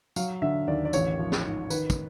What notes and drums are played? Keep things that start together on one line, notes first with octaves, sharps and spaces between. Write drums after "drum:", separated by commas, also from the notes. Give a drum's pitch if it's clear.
F#3 F5, drum: tambourine
D3 E5
D#2 D5
D5
A1 C#5, drum: tambourine
F3
drum: snare
G#2
D#3 B4, drum: tambourine
drum: kick, tambourine